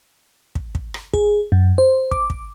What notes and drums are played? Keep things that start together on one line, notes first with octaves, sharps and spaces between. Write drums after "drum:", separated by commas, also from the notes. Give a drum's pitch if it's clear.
drum: kick
drum: kick
drum: rim click
G#4, drum: kick
F#2
C5
D6, drum: kick
drum: kick